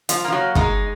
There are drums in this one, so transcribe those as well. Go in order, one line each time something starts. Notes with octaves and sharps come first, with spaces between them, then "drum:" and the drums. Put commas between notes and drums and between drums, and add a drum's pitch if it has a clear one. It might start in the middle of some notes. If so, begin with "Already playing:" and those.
F3, drum: hi-hat
F3 A#3
F#3
G#3 D#4, drum: kick